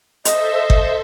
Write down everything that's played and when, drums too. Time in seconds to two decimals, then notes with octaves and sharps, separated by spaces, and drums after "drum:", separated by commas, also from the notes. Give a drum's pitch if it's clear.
0.25 A4 C5 D#5 E5, drum: hi-hat
0.70 drum: kick G1